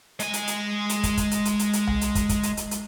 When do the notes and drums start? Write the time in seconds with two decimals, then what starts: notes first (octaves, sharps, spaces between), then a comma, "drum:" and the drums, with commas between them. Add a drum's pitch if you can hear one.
0.20 G#3 G#5, drum: hi-hat
0.33 drum: hi-hat
0.47 drum: hi-hat
0.89 drum: hi-hat
1.03 drum: kick, hi-hat
1.17 drum: kick, hi-hat
1.31 drum: hi-hat
1.45 drum: hi-hat
1.59 drum: hi-hat
1.73 drum: hi-hat
1.87 drum: tom C2
2.01 drum: hi-hat
2.15 drum: kick, hi-hat
2.29 drum: kick, hi-hat
2.43 drum: hi-hat
2.57 drum: hi-hat
2.71 drum: hi-hat